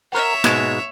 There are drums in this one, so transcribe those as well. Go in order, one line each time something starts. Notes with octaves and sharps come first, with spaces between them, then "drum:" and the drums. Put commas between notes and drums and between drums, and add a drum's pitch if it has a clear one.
A#4 C#5 E5 F#5
G#2 B2 G#3, drum: snare